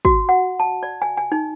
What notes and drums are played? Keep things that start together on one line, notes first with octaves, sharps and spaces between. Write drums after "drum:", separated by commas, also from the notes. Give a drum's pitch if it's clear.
F#4, drum: kick
F#5
A5
D5
G#5
G#5
D#4